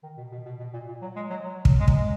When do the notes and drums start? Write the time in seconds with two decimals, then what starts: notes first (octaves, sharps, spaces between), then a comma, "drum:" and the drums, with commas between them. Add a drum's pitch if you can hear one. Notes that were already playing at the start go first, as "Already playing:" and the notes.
0.03 D#3
0.17 B2
0.32 B2
0.46 B2
0.60 B2
0.73 A#2
0.88 A#2
1.02 F#3
1.16 G#3
1.30 F#3
1.44 F#3
1.65 drum: kick
1.80 G#3
1.88 F#3, drum: kick
1.94 G#3